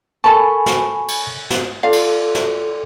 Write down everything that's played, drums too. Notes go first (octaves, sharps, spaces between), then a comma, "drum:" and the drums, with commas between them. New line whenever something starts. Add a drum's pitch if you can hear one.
A4 A#4 G#5 A5 B5 C#6
drum: snare
drum: cymbal
drum: snare
F4 A4 D5 F5
drum: cymbal
drum: snare